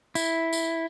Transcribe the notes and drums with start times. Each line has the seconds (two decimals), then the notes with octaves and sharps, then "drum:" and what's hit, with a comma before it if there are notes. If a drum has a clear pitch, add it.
0.15 E4, drum: tambourine
0.53 drum: tambourine